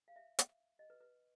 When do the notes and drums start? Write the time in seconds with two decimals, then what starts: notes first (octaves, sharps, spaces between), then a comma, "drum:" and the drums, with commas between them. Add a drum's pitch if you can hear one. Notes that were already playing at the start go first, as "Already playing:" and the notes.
0.08 F5
0.16 E5
0.39 drum: hi-hat
0.79 D#5
0.90 B4
1.01 B4